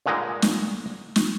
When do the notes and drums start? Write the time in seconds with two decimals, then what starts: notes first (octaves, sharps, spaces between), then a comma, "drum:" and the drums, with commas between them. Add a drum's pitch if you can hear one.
0.06 G2 A#2 D3 G#3 D#4
0.42 drum: snare
1.16 drum: snare